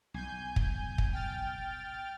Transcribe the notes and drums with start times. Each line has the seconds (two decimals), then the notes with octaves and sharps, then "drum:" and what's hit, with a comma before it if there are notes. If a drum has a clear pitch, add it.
0.14 B1 G#5 G6
0.56 drum: kick
0.98 drum: kick
1.13 G5 F6 A6